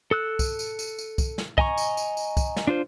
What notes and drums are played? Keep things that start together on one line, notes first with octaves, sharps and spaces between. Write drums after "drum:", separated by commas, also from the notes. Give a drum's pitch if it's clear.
A4 E6 F#6
drum: kick, tambourine
drum: tambourine
drum: tambourine
drum: tambourine
drum: kick, tambourine
drum: snare
D#5 G#5 A#5 C#6, drum: kick
drum: tambourine
drum: tambourine
drum: tambourine
drum: kick, tambourine
drum: snare
D4 F4 C5